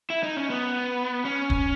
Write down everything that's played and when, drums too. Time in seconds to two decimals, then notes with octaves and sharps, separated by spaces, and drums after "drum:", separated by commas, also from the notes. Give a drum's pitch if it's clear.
0.10 E4
0.23 D#4
0.37 C#4
0.50 B3
1.25 C#4
1.50 drum: kick D#1